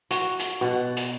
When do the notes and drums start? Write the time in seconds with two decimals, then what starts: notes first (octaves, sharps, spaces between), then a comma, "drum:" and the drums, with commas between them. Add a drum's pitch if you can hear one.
0.11 F#4, drum: hi-hat
0.39 drum: hi-hat
0.61 B2 F#5
0.97 drum: hi-hat